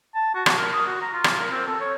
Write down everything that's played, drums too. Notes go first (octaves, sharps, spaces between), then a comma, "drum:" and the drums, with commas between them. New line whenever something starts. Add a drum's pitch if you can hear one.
A5
F#4
F#4, drum: rim click
A#4
D#6
F#4
A#5
F4
drum: rim click
A#4
C4
A4
C#5